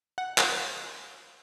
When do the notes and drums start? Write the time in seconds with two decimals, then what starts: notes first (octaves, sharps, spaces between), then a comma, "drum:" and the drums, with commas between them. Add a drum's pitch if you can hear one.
0.18 F#5
0.38 drum: clap